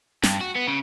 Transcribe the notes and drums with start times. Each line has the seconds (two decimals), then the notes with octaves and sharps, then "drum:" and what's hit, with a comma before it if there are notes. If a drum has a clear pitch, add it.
0.23 G2, drum: snare
0.41 F#4
0.56 B3
0.68 C#3